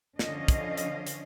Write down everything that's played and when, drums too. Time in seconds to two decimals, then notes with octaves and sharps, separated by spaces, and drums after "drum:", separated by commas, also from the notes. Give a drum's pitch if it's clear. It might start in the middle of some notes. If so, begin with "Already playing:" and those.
0.19 D3 F3 C#4 D#5 F5, drum: snare
0.48 drum: kick, hi-hat
0.77 drum: hi-hat
1.07 drum: hi-hat